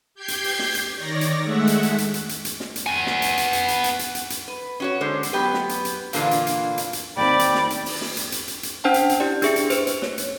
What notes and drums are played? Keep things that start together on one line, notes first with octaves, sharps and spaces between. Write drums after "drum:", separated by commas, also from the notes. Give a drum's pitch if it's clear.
G4 G5 G6 G#6 C7
drum: hi-hat
drum: open hi-hat
drum: snare
drum: hi-hat
D#3 C#5 D5 A#6
drum: hi-hat
G#3 A3 E5 F#5
drum: hi-hat
drum: hi-hat
drum: hi-hat
drum: hi-hat
drum: hi-hat
drum: hi-hat
drum: snare
drum: hi-hat
B3 G#5
drum: snare
drum: hi-hat
drum: hi-hat
drum: hi-hat
drum: hi-hat
drum: hi-hat
drum: hi-hat
drum: hi-hat
drum: hi-hat
B4
C#4 F#4 C#5
D3 G#3 C5
drum: hi-hat
F#3 B3 G4 B4
drum: snare
drum: hi-hat
drum: hi-hat
A#2 D3 E3 A#3 D4 F4, drum: hi-hat
drum: hi-hat
drum: hi-hat
drum: hi-hat
drum: hi-hat
D#2 C4 D5 G5 B5
drum: hi-hat
drum: snare
drum: hi-hat
drum: open hi-hat
drum: snare
drum: hi-hat
drum: hi-hat
drum: hi-hat
drum: hi-hat
C#4 D4 C5 F#5 G5 A5
drum: hi-hat
drum: hi-hat
E4 G4 D5
D4 G4 G#4 E5 C#7, drum: hi-hat
drum: hi-hat
B4 C5, drum: hi-hat
drum: hi-hat
C#5, drum: snare
drum: hi-hat